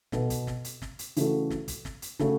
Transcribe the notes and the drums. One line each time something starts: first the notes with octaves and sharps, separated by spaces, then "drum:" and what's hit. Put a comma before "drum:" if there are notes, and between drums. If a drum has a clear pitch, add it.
B2 B3 A4, drum: snare
drum: kick, hi-hat
drum: snare
drum: hi-hat
drum: snare
drum: hi-hat
C#3 E3 A3 F#4 A4, drum: hi-hat
drum: snare
drum: kick, hi-hat
drum: snare
drum: hi-hat
C#3 A3 F#4 A4, drum: snare